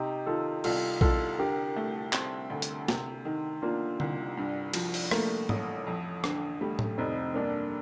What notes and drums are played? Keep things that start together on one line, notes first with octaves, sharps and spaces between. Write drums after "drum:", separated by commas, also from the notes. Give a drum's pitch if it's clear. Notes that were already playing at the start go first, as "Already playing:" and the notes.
Already playing: C3 D#4 G4
D#3 F4 A4
C2 F4 A4, drum: cymbal
C2 F4 A4, drum: kick A#1
D3 G4 A#4
A3
C4, drum: clap
D2
drum: hi-hat
C3, drum: snare
D#3
A#3 D4 F4
C2, drum: tom D3
G2
F3, drum: cymbal
drum: open hi-hat
A3 A#3, drum: rim click
A1, drum: tom G#2
F2
D3, drum: rim click
G3 A3
drum: tom A2
F1 C4 D#4
G2 A#3 D4